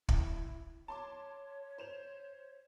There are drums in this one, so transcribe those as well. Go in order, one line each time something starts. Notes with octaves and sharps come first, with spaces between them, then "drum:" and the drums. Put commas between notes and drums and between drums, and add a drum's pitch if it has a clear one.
E4, drum: kick
C#5 A5 C6 D6
C5 E7 F7